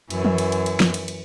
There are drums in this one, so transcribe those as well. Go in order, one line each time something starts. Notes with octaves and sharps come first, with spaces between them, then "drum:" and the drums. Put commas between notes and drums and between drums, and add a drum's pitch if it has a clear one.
F#2 E3, drum: cymbal
drum: tom
drum: cymbal
drum: cymbal
drum: cymbal
drum: snare
drum: cymbal
drum: cymbal